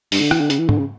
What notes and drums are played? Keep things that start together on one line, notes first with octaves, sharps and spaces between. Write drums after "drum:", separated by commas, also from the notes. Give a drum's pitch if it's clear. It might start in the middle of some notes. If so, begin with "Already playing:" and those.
G2, drum: open hi-hat
D3
E3, drum: rim click
D3
C#3, drum: hi-hat
E3
D3, drum: tom
C#3